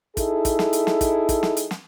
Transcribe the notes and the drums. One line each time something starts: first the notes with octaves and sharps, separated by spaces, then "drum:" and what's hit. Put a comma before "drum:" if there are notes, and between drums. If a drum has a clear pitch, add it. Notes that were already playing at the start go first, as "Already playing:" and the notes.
D#4 E4 G#4 A4, drum: kick, hi-hat
drum: kick, hi-hat
drum: snare
drum: hi-hat
drum: snare
drum: kick, hi-hat
drum: kick, hi-hat
drum: snare
drum: hi-hat
drum: snare